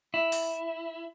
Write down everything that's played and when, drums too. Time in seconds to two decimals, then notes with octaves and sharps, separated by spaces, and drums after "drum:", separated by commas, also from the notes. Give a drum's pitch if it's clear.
0.14 E4
0.32 drum: open hi-hat